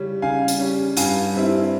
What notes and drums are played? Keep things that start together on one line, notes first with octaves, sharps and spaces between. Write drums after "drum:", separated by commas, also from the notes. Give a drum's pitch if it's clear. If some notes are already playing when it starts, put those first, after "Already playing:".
Already playing: C#3 G3 C#4
C#3 F5 G#5
drum: hi-hat
G3 C#4
G2 F5 G#5, drum: hi-hat
G3 C4 E4